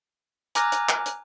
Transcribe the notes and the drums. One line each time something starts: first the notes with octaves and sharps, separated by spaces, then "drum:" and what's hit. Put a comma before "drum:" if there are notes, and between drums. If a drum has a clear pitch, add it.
G#5 A#5 D6 F6 F#6 A#6, drum: hi-hat
drum: hi-hat
drum: clap
drum: hi-hat